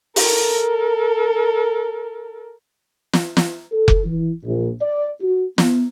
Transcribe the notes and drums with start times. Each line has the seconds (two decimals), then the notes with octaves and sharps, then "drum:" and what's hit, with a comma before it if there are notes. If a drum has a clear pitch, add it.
0.16 A4 A#4, drum: open hi-hat
3.13 drum: snare
3.37 drum: snare
3.72 A4
3.88 drum: kick F1
4.04 E3
4.44 A#1
4.81 D5
5.21 F#4
5.58 B3, drum: snare